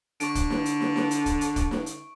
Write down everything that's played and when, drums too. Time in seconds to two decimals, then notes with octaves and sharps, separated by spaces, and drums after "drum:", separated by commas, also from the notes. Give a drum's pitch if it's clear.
0.20 D3 C#6 D7, drum: hi-hat
0.35 drum: kick, hi-hat
0.50 drum: snare
0.65 drum: hi-hat
0.81 drum: snare
0.96 drum: snare
1.11 drum: hi-hat
1.26 drum: kick, hi-hat
1.41 drum: hi-hat
1.56 drum: kick, hi-hat
1.71 drum: snare
1.86 drum: hi-hat